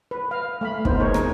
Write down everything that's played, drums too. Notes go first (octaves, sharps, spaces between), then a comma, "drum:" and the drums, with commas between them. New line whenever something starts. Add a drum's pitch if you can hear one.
B4
F5
A3 F5 B5
B3 D#4 C5, drum: kick
G#4 A#4 C#5
drum: rim click